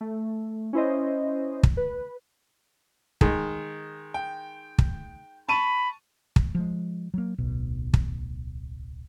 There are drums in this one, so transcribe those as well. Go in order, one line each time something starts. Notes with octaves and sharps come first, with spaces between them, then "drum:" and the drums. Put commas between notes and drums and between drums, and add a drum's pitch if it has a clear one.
A3
C#4 E4 C5 D#5
drum: kick
B4
D#3 G#3, drum: kick
G5
drum: kick
A5 B5 C#6 D#7
drum: kick
F3 G#3
F#3 A#3
D1 B1 B2
drum: kick